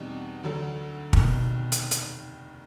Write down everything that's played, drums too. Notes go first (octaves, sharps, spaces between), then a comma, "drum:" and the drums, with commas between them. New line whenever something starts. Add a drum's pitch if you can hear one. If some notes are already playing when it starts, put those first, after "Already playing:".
Already playing: E2 B2 G3 C4 D#4
D2 D3 F#3 A3
F1 D#2 B2 D#3, drum: kick
drum: hi-hat
drum: hi-hat